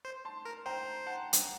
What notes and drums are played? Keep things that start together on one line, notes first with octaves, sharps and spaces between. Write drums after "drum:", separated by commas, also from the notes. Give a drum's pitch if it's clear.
C5
A5 C6
A#4
C5 G5 A#5
F#5 A5
drum: hi-hat